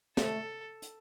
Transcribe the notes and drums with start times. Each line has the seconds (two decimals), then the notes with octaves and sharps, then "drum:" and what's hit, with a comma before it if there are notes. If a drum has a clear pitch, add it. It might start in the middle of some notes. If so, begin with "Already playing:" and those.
0.17 A3 A4, drum: snare
0.82 drum: hi-hat